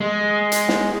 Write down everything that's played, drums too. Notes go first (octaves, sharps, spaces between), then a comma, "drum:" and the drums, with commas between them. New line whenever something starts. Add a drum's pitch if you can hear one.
G#3
drum: hi-hat
drum: snare